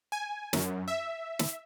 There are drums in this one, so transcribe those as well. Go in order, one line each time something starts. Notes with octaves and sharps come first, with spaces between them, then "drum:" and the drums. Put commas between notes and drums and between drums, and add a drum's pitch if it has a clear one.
G#5
F#2, drum: snare
E5
drum: snare